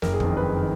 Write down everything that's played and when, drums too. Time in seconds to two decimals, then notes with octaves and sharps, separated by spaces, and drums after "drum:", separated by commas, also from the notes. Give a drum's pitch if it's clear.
0.02 F#1 A#4, drum: snare
0.14 G#4
0.20 F2 D#3 A#4, drum: kick
0.36 F#1 B4
0.57 D#3